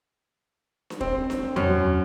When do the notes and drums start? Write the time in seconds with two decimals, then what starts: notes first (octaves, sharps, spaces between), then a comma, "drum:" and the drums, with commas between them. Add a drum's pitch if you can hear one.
0.90 drum: snare D4
1.01 C4, drum: kick
1.30 drum: snare D4
1.56 F#2, drum: tom E2